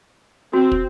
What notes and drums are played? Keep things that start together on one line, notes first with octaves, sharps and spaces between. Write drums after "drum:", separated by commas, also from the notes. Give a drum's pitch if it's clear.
C4 F#4
drum: kick